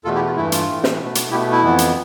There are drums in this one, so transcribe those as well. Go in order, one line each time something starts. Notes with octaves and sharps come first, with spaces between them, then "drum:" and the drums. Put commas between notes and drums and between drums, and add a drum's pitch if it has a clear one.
E2 B2 A3 F4 A4
E4 G4
F4
G2 E3 A3 E4
F4, drum: hi-hat
A2 E3 A3
drum: snare
B2 A3
drum: hi-hat
B2 A3 E4 G4
E4
F2 E3 B3
drum: hi-hat